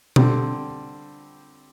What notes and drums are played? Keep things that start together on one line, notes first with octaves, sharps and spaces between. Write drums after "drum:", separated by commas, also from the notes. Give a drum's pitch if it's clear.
D3 G3 C4, drum: tom B2